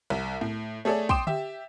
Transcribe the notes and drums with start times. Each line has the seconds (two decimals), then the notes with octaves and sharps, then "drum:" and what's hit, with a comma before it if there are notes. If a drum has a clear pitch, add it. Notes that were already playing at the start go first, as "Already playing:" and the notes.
0.10 C2
0.41 A2
0.85 A3 G#4 A4 C#5 D5
1.09 G5 C6 D6 D#6 E7, drum: kick
1.27 G4 E5, drum: tom D3